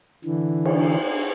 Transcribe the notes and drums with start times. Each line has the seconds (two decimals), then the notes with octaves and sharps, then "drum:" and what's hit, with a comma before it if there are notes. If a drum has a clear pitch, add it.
0.25 D3 E3
0.65 drum: cymbal